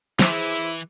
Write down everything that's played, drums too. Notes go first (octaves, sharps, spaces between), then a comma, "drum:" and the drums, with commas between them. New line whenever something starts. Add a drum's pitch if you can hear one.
E3 E4 G#4 C5 D6, drum: snare